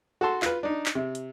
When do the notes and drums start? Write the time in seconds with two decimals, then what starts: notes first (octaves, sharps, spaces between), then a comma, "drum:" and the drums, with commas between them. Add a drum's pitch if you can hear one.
0.21 F#4 A4 A5 C6
0.42 F4 B4, drum: clap
0.63 D4 D#4
0.86 drum: clap
0.95 C3
1.15 drum: hi-hat